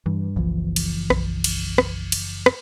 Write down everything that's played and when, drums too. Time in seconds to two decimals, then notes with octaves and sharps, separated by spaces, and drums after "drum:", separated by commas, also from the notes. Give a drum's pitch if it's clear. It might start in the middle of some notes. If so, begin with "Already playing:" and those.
0.06 G2 E3
0.36 F#1 C2 E3 F3
0.76 drum: cymbal
1.10 B1, drum: rim click
1.44 drum: cymbal
1.78 drum: rim click
2.12 drum: cymbal
2.46 drum: rim click